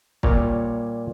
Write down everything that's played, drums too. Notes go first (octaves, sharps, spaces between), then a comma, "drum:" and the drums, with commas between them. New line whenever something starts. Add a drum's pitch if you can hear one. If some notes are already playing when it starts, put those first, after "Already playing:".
A#2 G3 C#5 A#5, drum: kick